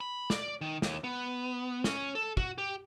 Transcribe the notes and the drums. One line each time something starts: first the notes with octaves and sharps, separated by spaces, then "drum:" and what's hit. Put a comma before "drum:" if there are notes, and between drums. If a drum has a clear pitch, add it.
B5
D5, drum: snare
D#3
D#2, drum: snare
B3
C#4, drum: snare
A4
F#4, drum: kick
G4